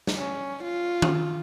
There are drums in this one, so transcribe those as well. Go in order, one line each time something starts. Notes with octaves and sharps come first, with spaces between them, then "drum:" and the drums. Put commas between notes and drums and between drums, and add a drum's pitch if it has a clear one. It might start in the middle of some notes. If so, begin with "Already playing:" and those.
drum: snare
C#4
F4
drum: tom D#3